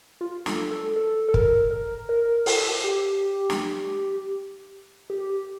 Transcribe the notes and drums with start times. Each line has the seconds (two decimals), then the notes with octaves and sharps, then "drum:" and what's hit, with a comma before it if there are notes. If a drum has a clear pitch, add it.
0.21 F4
0.46 A4, drum: snare
0.71 A4
0.96 A4
1.28 A4
1.34 A#4, drum: kick
1.71 A#4
2.09 A#4
2.46 A4, drum: open hi-hat
2.84 G4
3.50 drum: snare
5.10 G4